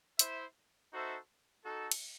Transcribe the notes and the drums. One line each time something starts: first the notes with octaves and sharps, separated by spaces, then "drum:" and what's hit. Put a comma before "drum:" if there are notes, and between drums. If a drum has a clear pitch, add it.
E4 C5 E5, drum: hi-hat
D#4 F#4 A4 C5 E5
D#4 F#4 A4
drum: cymbal